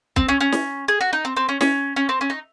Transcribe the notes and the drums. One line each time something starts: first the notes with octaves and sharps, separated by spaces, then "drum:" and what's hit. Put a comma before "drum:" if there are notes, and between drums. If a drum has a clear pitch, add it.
C4, drum: kick
C#4
C#4
drum: snare
G#4
F#4
D#4
C4
C4
C#4
C#4, drum: snare
C#4
C4
C#4
D#4